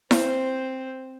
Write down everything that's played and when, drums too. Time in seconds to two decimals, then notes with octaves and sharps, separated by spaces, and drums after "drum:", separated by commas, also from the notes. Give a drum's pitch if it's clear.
0.11 C4 C5, drum: snare E4